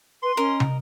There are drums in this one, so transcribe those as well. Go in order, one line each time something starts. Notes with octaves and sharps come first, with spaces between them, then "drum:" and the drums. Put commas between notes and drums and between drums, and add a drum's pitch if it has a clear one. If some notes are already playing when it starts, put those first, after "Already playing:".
B4 C6
C#4 A#4 D#5
drum: tom